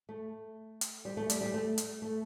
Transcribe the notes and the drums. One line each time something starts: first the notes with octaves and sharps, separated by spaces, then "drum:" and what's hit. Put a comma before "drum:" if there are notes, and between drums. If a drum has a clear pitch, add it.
A3
drum: hi-hat
G3
A3
G3, drum: hi-hat
G3
A3
drum: hi-hat
A3